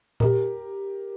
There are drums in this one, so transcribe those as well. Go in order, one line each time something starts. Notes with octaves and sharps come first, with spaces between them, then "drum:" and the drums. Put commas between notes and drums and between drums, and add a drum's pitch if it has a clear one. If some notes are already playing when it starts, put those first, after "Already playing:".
G4 A#4, drum: tom A#2